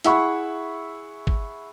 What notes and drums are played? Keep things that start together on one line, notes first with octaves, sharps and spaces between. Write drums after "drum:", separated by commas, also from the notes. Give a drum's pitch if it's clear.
E4 G#4 E5 F#5 B5 C#6, drum: hi-hat
drum: kick